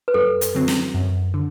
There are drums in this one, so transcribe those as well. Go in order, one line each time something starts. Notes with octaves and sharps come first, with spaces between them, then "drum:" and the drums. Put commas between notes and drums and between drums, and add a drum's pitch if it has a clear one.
B4
F#2 A4
drum: hi-hat
D3 F#3 C4
drum: snare
F#2
D3